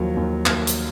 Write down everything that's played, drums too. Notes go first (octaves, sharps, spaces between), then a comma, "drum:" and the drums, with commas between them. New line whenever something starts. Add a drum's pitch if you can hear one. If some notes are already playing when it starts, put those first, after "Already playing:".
Already playing: D#2 F3 F#3
D#2
D#2, drum: clap
drum: hi-hat